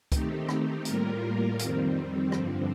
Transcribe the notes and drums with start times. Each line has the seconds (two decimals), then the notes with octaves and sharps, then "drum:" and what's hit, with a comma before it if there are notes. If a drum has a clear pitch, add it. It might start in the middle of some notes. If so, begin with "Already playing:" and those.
0.12 D#3 A3 C4 D#4 G4, drum: kick C#2, hi-hat
0.49 drum: rim click
0.85 A2 G3 A#3 F4 A#4, drum: hi-hat
1.59 F2 D#3 G3 C4, drum: hi-hat
2.32 G2 D3 F3 C4, drum: rim click